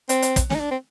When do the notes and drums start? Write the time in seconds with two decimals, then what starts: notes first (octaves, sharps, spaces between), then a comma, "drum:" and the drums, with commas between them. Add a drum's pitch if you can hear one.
0.09 C4, drum: hi-hat
0.22 drum: hi-hat
0.36 drum: kick, hi-hat
0.50 C#4, drum: snare
0.55 D#4
0.60 D4
0.71 C4